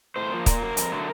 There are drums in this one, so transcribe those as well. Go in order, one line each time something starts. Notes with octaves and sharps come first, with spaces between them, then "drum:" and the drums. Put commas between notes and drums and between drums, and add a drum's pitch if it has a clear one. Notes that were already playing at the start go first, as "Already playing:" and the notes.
A2 C5
F3 A#3
A#2 A#4, drum: kick, hi-hat
F#3 A#3
F2, drum: hi-hat
D3 F#3 A3